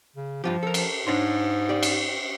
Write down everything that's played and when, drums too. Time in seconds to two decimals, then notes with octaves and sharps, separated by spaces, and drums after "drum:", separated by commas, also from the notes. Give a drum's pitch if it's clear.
0.16 C#3
0.44 G2 F3 F4 G4
0.63 A4 A#4
0.74 drum: cymbal
1.07 G#2 D4 C#5 C6
1.69 G4 D5
1.83 drum: cymbal